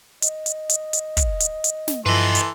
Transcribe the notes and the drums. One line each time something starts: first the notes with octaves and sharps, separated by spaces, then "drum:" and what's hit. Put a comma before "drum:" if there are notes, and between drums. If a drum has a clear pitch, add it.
D#5, drum: hi-hat
drum: hi-hat
drum: hi-hat
drum: hi-hat
drum: kick, hi-hat
drum: hi-hat
drum: hi-hat
drum: snare
G2 E3 F3 A4 B4 D#5 C6
drum: hi-hat